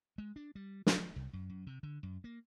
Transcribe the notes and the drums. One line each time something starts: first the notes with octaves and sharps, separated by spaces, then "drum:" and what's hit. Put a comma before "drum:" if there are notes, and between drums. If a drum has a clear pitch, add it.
G#3
D4
G3
F3, drum: snare
C2
F#2
F#2
C3
D3
F#2
A#3